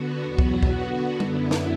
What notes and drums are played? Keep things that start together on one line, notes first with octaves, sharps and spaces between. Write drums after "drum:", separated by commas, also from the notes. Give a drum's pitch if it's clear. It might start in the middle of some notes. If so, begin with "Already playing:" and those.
Already playing: D3 B3 F#4
E2 B2 F#3 B3 F#4
drum: kick C2
drum: kick C2
D3 B3 F#4
F#2 D3 B3 E4, drum: tom G3
drum: snare